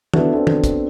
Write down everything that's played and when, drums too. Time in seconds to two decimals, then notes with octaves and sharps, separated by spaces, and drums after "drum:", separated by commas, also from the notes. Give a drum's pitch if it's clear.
0.14 B3 D4 E4 F#4 A4 B4, drum: tom
0.34 B3 C4 D4 F#4 A4
0.47 drum: tom
0.64 drum: kick, hi-hat